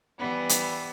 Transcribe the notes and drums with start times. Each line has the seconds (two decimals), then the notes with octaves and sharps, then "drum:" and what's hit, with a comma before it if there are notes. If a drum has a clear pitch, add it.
0.19 E3 G3 B3
0.49 drum: hi-hat